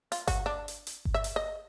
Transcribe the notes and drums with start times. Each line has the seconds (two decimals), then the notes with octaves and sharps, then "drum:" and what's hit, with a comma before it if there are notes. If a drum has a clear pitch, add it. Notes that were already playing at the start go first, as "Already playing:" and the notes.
0.12 F4, drum: hi-hat
0.28 F#4, drum: kick G1, hi-hat
0.46 D4
0.68 drum: hi-hat
0.87 drum: hi-hat
1.05 drum: kick G1
1.14 E5
1.24 drum: hi-hat
1.36 D#5